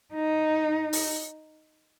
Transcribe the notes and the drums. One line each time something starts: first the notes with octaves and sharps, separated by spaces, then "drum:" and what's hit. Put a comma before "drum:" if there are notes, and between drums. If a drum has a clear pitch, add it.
D#4
drum: open hi-hat